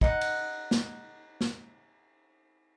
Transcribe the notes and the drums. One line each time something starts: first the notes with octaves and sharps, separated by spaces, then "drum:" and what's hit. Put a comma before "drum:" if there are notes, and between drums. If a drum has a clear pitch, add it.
D#4 F#5, drum: kick
drum: cymbal
drum: snare
drum: snare